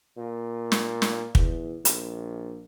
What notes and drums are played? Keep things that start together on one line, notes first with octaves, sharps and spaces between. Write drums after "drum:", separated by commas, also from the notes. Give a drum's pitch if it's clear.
A#2
drum: snare
drum: snare
E2, drum: kick
A#1, drum: hi-hat